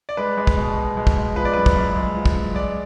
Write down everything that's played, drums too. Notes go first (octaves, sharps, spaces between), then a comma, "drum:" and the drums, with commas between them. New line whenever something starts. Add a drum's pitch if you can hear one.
D5
G#3 B4
G#3
drum: kick
B2
B2
G#3
drum: kick
G#3
F3 B4
D5
F#2 B4
drum: kick
F#2
G#3
F3
drum: kick
F#2
G#3 D5